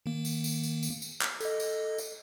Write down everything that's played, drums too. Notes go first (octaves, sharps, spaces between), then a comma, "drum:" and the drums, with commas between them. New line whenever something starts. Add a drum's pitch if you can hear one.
D#3 A#3
drum: tambourine
drum: tambourine
drum: tambourine
drum: tambourine
drum: tambourine
drum: clap
A4 D#5, drum: tambourine
drum: tambourine
drum: tambourine